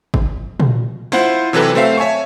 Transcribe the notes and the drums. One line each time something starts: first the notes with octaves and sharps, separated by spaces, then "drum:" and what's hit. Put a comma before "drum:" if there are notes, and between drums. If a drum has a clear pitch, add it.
drum: kick
drum: tom A#2
E4 F4 C5 F#5, drum: snare
C3 E3 F#3 G4 A4 B4
A3 C4 C5 E5 F5
C#5 E5 G#5 A5 C#6